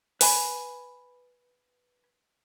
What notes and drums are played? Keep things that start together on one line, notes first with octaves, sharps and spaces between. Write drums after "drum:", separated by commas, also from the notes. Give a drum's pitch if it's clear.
B4 G#5 B5, drum: open hi-hat